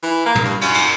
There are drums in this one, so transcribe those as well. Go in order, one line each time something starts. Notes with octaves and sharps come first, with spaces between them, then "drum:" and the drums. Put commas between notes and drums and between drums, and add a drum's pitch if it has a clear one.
E3
A#3
drum: tom
G2
F#2, drum: cymbal
drum: cymbal